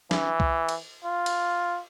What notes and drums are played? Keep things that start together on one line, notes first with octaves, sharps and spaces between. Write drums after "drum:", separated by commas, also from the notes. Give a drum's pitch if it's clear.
E3, drum: snare
drum: kick C2
drum: cymbal
F4
drum: cymbal